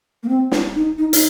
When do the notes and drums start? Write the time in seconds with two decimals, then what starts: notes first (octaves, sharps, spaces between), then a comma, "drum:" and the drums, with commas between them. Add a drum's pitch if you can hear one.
0.23 A#3
0.29 C4
0.52 D4, drum: snare
0.75 D#4
0.98 D#4
1.13 D#4, drum: hi-hat